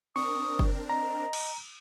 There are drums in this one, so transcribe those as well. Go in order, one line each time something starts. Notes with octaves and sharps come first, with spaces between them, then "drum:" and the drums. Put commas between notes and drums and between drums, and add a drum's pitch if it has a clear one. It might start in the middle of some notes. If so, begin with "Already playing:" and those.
C4 D4 A#4 C#6 D#6
drum: kick F#1
D#5 A#5
drum: cymbal